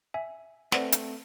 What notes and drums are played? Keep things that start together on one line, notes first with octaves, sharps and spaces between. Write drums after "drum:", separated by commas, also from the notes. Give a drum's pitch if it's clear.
E5 G#5
A3 C4 B4 C5 D5 F#5, drum: snare
drum: hi-hat